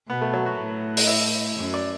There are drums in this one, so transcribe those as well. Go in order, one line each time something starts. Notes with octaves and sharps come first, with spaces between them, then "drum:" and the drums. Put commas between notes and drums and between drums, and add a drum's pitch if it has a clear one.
B2 B3
A3
F#3
F#4
A2
drum: open hi-hat
E4
F#2
D5